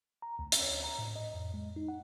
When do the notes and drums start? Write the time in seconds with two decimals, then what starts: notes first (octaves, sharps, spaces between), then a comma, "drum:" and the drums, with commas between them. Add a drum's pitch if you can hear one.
0.22 A#5
0.39 D2
0.52 drum: hi-hat
0.62 C#5
0.84 A#5
0.98 A2
1.16 D#5
1.34 F2
1.54 G#3
1.76 D#4
1.88 F#5